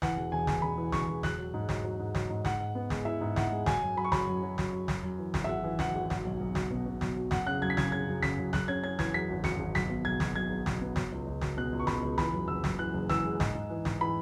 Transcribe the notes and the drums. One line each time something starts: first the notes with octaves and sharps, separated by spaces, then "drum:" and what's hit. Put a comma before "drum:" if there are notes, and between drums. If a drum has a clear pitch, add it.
E3 F#5, drum: snare
E1
E1 G#5
E1, drum: snare
E1 B5
E3
E1 C#6, drum: snare
E1
F#3 F#6, drum: snare
F#3
G#2
F#3, drum: snare
F#3
G#2
F#3, drum: snare
G#2
G#2 F#5, drum: snare
G#2
B3
G#3, drum: snare
E4 E5
G#2
E4 F#5, drum: snare
G#3
F#3 G#5, drum: snare
F#2
F#3 B5
C#6
F#3 B5, drum: snare
F#2
F#3
F#3, drum: snare
F#3
F#2, drum: snare
F#2
E3
G#1, drum: snare
E5
G#1 F#5
E3
G#1 F#5, drum: snare
G#1
F#3, drum: snare
B1
B1
F#3, drum: snare
B2
B2
B1, drum: snare
F#3
F#2 F#5, drum: snare
C#3 F#6
F#2 G#6
B6
C#3 G#6, drum: snare
C#3 G#6
F#2
C#3 B6, drum: snare
F#2
F#2 F#6, drum: snare
C#4 G#6
C#4 G#6
E3 G#6, drum: snare
F#2 B6
G#1
G#1 C#7, drum: snare
G#1
B1 B6, drum: snare
B2
B1 G#6
B2, drum: snare
B1 G#6
B1
B1, drum: snare
B3
F#3, drum: snare
C#2
C#2
F#3, drum: snare
B2 F#6
C#2
C#6
B2 B5, drum: snare
C#2
E3 B5, drum: snare
F#2
F#1 E6
F#2, drum: snare
E3 F#6
F#1
E3 E6, drum: snare
G#3
G#2, drum: snare
G#2
E3
G#2, drum: snare
E3 B5